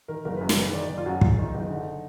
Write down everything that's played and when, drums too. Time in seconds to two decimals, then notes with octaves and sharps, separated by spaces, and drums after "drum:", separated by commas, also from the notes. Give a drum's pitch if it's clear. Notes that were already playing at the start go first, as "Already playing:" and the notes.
0.08 D#3 A#4
0.25 F#1 A#4
0.36 F#2 B4
0.49 A#4, drum: snare
0.57 F#1 B4
0.73 D#3 D5
0.89 F#1 D5
0.98 F4
1.06 F#2 F#4
1.21 F#1 F4, drum: kick
1.38 D#3
1.46 D#4
1.55 F#1
1.70 D3